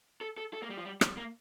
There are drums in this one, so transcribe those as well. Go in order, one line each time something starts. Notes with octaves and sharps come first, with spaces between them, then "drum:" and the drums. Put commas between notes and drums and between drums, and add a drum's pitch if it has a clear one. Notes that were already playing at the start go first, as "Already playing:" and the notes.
A4
A4
A4
A#3
G3
F3
G3
G3, drum: rim click
A#3